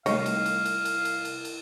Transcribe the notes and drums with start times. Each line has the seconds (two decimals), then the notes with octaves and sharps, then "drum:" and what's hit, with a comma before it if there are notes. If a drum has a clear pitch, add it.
0.06 C3 D#3 G3 A3 D#4 C#5 F5, drum: cymbal
0.26 drum: cymbal
0.46 drum: cymbal
0.65 drum: cymbal
0.85 drum: cymbal
1.05 drum: cymbal
1.25 drum: cymbal
1.45 drum: cymbal